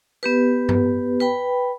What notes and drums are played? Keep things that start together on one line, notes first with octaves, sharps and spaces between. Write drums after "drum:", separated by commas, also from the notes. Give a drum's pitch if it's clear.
B3 G4 B4
drum: tom G2
B4 G5 B5